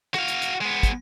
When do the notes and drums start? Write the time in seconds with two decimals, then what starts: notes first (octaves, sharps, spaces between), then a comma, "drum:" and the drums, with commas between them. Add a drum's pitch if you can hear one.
0.14 F#4 F5, drum: rim click
0.28 drum: hi-hat
0.42 drum: hi-hat
0.61 G#3 B3
0.83 drum: kick, hi-hat